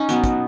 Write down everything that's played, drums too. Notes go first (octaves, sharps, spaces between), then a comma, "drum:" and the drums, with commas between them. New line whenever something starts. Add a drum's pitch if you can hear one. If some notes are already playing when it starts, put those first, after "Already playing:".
Already playing: C#4 D#4
B2 F#3 B3, drum: hi-hat
drum: kick, hi-hat